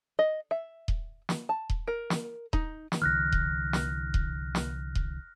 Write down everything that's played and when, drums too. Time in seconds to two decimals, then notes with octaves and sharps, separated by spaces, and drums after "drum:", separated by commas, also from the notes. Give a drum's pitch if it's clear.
0.19 D#5
0.51 E5
0.88 drum: kick D#1
1.29 drum: snare
1.49 A5
1.70 drum: kick D#1
1.88 A#4
2.10 drum: snare
2.53 D#4, drum: kick D#1
2.92 drum: snare
3.02 C2 D3 E3 F6 F#6 A#6
3.32 drum: kick D#1
3.73 drum: snare
4.14 drum: kick D#1
4.55 drum: snare
4.95 drum: kick D#1